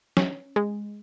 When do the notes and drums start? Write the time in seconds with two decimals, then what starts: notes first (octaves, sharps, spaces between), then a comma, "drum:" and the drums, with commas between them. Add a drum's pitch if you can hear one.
0.17 C#4, drum: snare
0.56 G#3